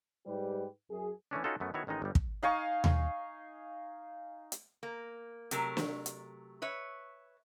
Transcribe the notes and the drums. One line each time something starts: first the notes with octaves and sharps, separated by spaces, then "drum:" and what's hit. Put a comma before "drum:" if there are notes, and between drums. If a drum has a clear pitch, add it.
G#2 G3 G4 B4
F#2 G#4
E3 A3 C#4 D4
C#4 D#4 F4 F#4 A4
F#2 A3 B3
D#3 B3 E4 F#4 C#5
A1 D#3 G#3 D#4 D#5
G1 G3
drum: kick
D#4 F5 G#5 C#6
drum: tom D#2
drum: hi-hat
A#3
C3 F#3 A3 A#4, drum: hi-hat
drum: snare
drum: hi-hat
B4 C#5 E5